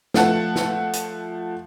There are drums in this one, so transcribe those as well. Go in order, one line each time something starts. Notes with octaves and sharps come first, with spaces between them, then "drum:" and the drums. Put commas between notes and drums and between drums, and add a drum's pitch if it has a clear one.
F3 A3 F#5 A5, drum: snare
drum: snare
drum: hi-hat